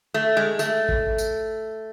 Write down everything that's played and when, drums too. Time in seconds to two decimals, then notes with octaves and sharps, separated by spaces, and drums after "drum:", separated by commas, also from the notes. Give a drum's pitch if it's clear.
0.14 A3
0.37 G#3
0.59 A3, drum: tambourine
0.89 drum: kick A1
1.18 drum: tambourine